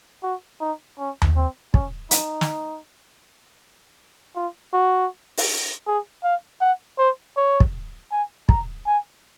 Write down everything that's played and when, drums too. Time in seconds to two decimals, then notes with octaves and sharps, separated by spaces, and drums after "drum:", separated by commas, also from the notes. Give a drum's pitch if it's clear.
0.23 F#4
0.60 D#4
0.99 C#4
1.22 drum: tom D#2
1.36 C4
1.74 C#4, drum: kick
2.11 D#4, drum: hi-hat
2.41 drum: snare
4.36 F4
4.73 F#4
5.37 drum: open hi-hat
5.87 G#4
6.24 F5
6.61 F#5
6.98 C5
7.37 C#5
7.60 drum: kick
8.11 G#5
8.49 A#5, drum: kick
8.87 G#5